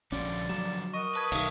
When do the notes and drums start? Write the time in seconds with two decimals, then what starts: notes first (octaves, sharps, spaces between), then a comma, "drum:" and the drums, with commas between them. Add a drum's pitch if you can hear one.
0.12 A#1 D3 F3 C#4 F#4 D5
0.49 F#3 E7
0.94 F#4 A#4 D#5 C#6
1.16 B4 A5 D#6 G#6
1.32 B1 D#3 E5 F5, drum: open hi-hat